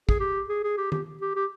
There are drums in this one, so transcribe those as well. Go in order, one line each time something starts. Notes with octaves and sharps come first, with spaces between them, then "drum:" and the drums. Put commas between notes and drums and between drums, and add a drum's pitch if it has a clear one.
G#4, drum: kick
G4
G#4
G#4
G4
G4, drum: tom D#3
G4
G4